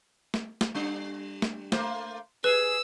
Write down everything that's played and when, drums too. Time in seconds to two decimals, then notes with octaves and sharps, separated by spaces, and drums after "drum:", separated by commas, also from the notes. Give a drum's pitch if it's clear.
0.34 drum: snare
0.61 drum: snare
0.74 G3 D4
1.42 drum: snare
1.72 A3 A#3 C5, drum: snare
2.44 G#4 B4 E6